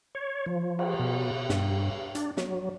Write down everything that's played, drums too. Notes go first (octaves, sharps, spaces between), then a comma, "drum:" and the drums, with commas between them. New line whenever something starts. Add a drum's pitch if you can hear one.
C#5
F3
drum: cymbal
B2
G2, drum: snare
D4, drum: hi-hat
F#3, drum: snare